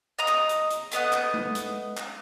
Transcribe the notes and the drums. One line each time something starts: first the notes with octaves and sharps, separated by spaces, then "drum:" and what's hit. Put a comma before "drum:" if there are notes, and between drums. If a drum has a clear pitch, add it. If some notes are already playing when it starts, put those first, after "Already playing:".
D#5 A#5 D#6
drum: clap
drum: hi-hat
drum: hi-hat
A3 B3 D#5 F#5, drum: hi-hat
drum: clap
drum: tom G#3
drum: hi-hat
drum: clap